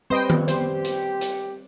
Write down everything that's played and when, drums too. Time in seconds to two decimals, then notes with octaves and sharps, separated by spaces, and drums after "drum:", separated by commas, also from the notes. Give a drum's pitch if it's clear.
0.10 G3 C4 B4 C5 D#5 G5
0.30 drum: tom D#3
0.48 G4 C5, drum: hi-hat
0.85 drum: hi-hat
1.21 drum: hi-hat